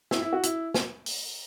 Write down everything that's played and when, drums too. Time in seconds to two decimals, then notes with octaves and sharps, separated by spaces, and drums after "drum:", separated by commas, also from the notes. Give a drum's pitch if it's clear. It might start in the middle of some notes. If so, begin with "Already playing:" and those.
0.11 E4, drum: snare
0.22 E4
0.33 F#4
0.43 E4, drum: hi-hat
0.74 drum: snare
1.06 drum: open hi-hat